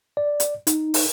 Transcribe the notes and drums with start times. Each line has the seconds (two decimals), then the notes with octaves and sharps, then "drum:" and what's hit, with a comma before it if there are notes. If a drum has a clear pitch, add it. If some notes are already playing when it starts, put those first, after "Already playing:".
0.17 D5
0.40 drum: hi-hat
0.67 D#4, drum: hi-hat
0.94 drum: open hi-hat